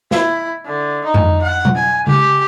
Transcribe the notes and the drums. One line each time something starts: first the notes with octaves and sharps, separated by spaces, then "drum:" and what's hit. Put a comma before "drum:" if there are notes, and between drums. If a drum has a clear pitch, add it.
E4, drum: snare
D3
D#4
drum: tom F2
F#5
drum: tom B2
G#5
G4, drum: tom C#3